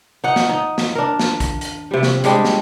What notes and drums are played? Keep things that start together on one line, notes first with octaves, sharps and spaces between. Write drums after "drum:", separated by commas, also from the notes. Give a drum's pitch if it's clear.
D#4 F#5
drum: snare
D#4
drum: snare
D4 A#4
drum: snare
drum: kick, hi-hat
drum: hi-hat
C3 G3
drum: snare
G3 G#3 D4 G4, drum: hi-hat
drum: snare